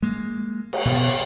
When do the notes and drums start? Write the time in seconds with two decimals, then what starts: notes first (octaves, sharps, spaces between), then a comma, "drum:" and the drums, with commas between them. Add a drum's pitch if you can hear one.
0.03 G#3 A#3
0.73 drum: cymbal
0.85 B2